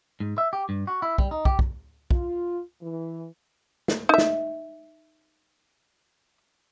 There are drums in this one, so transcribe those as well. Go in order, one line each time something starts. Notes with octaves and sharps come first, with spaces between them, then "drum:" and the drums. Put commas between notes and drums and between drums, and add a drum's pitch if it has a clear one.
G#2
E5
G4
G2
F#4
E4
G3, drum: kick
D#4
G4, drum: kick
drum: kick
F4, drum: kick
E3
drum: snare
D#4 E5
drum: snare